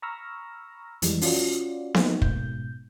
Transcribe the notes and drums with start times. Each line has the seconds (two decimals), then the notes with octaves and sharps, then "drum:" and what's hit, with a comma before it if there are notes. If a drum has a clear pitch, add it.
0.02 A#5 B5 C#6 E6 F6 A#6
1.02 F2 E3 G3 G#3, drum: hi-hat
1.21 C#4 F4 F#4 D5, drum: open hi-hat
1.94 A3 A#3 D#4, drum: snare B3
2.22 G#2 B2 G6, drum: kick